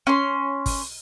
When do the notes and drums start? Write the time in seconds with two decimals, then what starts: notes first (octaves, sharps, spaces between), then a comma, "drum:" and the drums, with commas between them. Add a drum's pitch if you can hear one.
0.07 C#4 C6
0.66 drum: kick, open hi-hat